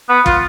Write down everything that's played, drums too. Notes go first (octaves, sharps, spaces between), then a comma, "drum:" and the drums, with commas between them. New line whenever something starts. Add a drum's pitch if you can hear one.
B3
F4, drum: kick